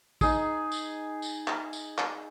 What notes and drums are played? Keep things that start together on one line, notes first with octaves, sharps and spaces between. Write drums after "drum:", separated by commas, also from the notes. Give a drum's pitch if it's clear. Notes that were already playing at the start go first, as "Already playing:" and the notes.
D#4 G#4, drum: kick, tambourine
drum: tambourine
drum: tambourine
drum: clap
drum: tambourine
drum: clap